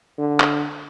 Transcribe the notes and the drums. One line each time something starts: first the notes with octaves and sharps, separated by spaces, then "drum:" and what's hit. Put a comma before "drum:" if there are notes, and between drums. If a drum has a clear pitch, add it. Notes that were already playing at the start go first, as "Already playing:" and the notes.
D3
drum: clap